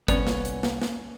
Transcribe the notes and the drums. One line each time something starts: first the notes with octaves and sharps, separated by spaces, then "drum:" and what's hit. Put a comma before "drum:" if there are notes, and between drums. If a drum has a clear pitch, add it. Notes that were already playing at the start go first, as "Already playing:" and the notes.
C2 A2 B3 C#4 D5 F7, drum: kick G1, hi-hat
drum: snare
drum: hi-hat
drum: snare
drum: snare